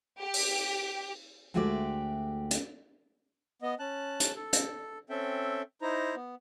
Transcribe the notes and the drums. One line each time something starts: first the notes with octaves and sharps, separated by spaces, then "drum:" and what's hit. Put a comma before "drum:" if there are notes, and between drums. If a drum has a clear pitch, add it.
G4
drum: open hi-hat
D2 G#3 A3 F#4 G4 D5
drum: hi-hat
B3 D#5
C#4 A5 F#6
drum: hi-hat
A4
drum: hi-hat
C4 C#4 A4 E5 G5
D#4 E4 C5 A#5
B3